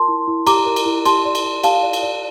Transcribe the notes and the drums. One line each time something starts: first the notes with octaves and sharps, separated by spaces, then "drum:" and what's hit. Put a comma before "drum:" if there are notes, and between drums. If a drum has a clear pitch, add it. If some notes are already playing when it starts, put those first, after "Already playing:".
Already playing: F4 A#4 A5 C6
E4
E4
G4 A#5 D6, drum: cymbal
A#4
drum: cymbal
E4
G4 A5 C6, drum: cymbal
D5
drum: cymbal
D5
G4 F5 A5, drum: cymbal
D5
drum: cymbal
D5